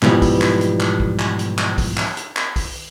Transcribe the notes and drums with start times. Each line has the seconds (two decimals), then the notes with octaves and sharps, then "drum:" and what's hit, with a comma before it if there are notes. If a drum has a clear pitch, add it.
0.02 G#2 B2 E3 F3 G3, drum: clap
0.22 drum: kick B1, open hi-hat
0.41 drum: clap
0.61 drum: hi-hat
0.80 drum: clap
1.00 drum: kick B1
1.19 drum: clap
1.39 drum: hi-hat
1.58 drum: clap
1.78 drum: kick B1, open hi-hat
1.97 drum: clap
2.17 drum: hi-hat
2.36 drum: clap
2.56 drum: kick B1, open hi-hat